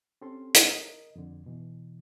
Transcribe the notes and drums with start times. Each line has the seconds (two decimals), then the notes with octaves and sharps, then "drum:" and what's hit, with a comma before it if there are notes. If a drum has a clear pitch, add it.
0.22 C4 C#4 G4 A4 C6
0.54 drum: hi-hat
0.68 A#4 D#5
1.16 F2 D3
1.46 B2 E3